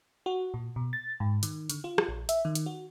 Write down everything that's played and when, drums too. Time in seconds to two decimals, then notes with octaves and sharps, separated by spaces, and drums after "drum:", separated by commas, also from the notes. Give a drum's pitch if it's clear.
0.26 F#4
0.54 A#2
0.76 B2
0.93 A6
1.20 G#2
1.43 D#3, drum: hi-hat
1.70 D3, drum: hi-hat
1.84 F4
1.98 drum: rim click
2.08 A#1
2.29 E5, drum: hi-hat
2.45 D#3
2.55 drum: hi-hat
2.66 F#4